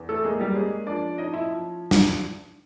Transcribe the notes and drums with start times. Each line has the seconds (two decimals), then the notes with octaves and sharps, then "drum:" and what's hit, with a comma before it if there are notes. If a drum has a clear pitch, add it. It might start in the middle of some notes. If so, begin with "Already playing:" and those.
Already playing: E2
0.09 A3 A4
0.24 G#3 A#3 G#4
0.40 G3 G4
0.55 G#3 C#4 G#4
0.87 F3 D4 D5
1.18 C#4 D#4 D#5
1.34 E4 E5
1.50 F3
1.91 drum: snare